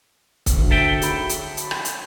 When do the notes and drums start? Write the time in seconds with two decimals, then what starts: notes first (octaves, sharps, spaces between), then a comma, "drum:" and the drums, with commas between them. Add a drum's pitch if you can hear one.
0.46 drum: kick C#1, hi-hat
0.56 D2
0.71 A4 E5 G5
1.02 F#4 B5, drum: hi-hat
1.29 drum: hi-hat
1.57 drum: hi-hat
1.71 drum: rim click
1.85 drum: hi-hat